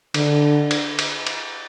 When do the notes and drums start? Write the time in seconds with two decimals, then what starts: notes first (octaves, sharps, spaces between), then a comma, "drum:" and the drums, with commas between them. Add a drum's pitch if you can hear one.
0.14 D3, drum: cymbal
0.71 drum: cymbal
0.99 drum: cymbal
1.27 drum: cymbal